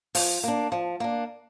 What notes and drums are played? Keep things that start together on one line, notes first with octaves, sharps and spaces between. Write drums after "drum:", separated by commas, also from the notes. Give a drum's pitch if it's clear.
F3, drum: open hi-hat
A#3 D4
F3
A#3 D4